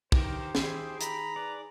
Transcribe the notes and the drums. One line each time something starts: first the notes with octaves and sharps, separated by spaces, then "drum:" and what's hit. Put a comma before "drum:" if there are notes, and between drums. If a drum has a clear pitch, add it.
D3 G4 A#4 C5, drum: kick
D#3 G#4, drum: snare
A#5 B5, drum: hi-hat
B4 D5